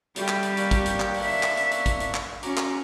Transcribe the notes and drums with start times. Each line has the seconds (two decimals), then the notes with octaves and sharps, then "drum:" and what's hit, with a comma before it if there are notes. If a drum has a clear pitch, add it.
0.16 G3 A3 G4, drum: hi-hat
0.28 drum: clap
0.43 drum: hi-hat
0.57 A#3 D4 C#6, drum: hi-hat
0.71 drum: kick, hi-hat
0.86 drum: hi-hat
1.00 drum: clap
1.14 drum: open hi-hat
1.25 E5
1.43 drum: clap
1.57 drum: hi-hat
1.72 drum: hi-hat
1.86 drum: kick, hi-hat
2.00 drum: hi-hat
2.14 drum: clap
2.43 C#4 F#4 A#5 D6, drum: hi-hat
2.57 drum: clap